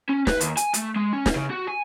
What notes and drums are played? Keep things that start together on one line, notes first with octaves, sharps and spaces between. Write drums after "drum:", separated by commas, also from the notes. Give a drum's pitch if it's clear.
C#4
B4, drum: snare
D#2, drum: hi-hat
G#5, drum: hi-hat
A3, drum: hi-hat
G#3
C#4
drum: snare
C#3
F#4
G#5